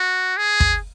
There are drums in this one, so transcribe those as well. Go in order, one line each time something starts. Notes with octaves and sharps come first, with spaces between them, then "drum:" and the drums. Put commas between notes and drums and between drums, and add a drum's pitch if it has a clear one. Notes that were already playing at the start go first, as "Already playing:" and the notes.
Already playing: F#4
G#4
drum: kick